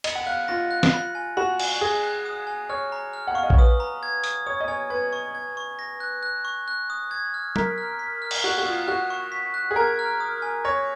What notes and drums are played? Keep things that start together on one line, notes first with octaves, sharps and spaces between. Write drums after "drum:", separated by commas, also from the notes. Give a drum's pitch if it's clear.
D#5 C#7, drum: cymbal
F#5
F5 F#6
F4 A#6
F#6
drum: snare
B5
G#5
F#4 B5
G#5, drum: cymbal
G#4 A#6
F#6
D#6
G#5
C#5 F6
A#5
F6
F#5
F5 C#6
D#5
C#5, drum: kick A#1
B4 D#6
A#5
G#6
D#6, drum: hi-hat
C#5 D#6
D#5
C#5 G#5
B4 G#6
C#6
G#6
C#6
A#6
F#6
F#6
C#6
F#6
D#6
G#6
F6
A#4 B6, drum: tom
F6
B6
F6
drum: cymbal
F#4 F#6
F#4
F4 D#6
F#4 F#6
C#6
B6
F#6
G#4
A#4 G#6
F6
D#6
G#5
C#5 A#6